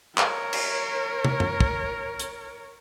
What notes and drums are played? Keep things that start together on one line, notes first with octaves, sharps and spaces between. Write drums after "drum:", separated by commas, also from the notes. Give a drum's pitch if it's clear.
A#4 C#5, drum: clap
drum: cymbal
drum: tom
drum: tom F#2
drum: kick
drum: hi-hat